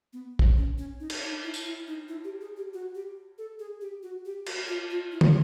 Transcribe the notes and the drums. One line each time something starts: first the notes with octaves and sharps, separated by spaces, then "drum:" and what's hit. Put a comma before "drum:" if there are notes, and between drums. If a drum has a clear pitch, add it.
B3
drum: kick
C#4
C#4
D#4
drum: cymbal
D#4
E4
drum: tambourine
E4
D#4
E4
G4
G#4
G4
F#4
G4
A4
G#4
G4
F#4
G4
F#4, drum: cymbal
F4
F4
E4
drum: tom